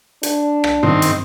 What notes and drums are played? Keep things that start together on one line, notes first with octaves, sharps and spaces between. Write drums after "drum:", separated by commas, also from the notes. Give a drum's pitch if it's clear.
D4, drum: hi-hat
drum: rim click
D#3 C4, drum: tom G2
drum: hi-hat